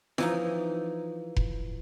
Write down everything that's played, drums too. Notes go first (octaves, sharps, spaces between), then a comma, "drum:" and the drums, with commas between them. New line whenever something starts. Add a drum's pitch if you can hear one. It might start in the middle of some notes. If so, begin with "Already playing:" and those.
E3 F3 D#4, drum: snare
drum: kick F1